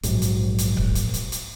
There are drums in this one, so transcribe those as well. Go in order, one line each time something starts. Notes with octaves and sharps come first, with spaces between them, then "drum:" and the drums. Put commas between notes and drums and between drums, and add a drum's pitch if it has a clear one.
A#1 G#2 F#3, drum: hi-hat
drum: hi-hat
drum: hi-hat
drum: kick C#1
drum: hi-hat
drum: hi-hat
drum: hi-hat